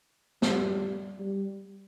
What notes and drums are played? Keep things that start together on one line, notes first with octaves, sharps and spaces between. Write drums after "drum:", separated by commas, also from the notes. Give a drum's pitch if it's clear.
G3, drum: snare
G3